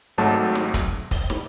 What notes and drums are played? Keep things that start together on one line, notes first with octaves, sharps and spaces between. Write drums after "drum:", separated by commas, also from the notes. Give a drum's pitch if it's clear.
G#1 G#2 F#3 A3 A5
drum: snare
drum: kick, hi-hat
drum: kick, open hi-hat
drum: snare